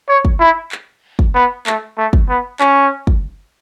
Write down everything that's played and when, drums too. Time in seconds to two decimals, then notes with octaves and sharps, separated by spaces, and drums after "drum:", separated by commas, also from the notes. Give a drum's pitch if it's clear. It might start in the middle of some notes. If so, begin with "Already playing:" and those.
0.09 C#5
0.25 drum: kick
0.40 E4
0.72 drum: clap
1.19 drum: kick
1.35 B3
1.67 A3, drum: clap
1.98 A3
2.13 drum: kick
2.29 B3
2.60 C#4, drum: clap
3.07 drum: kick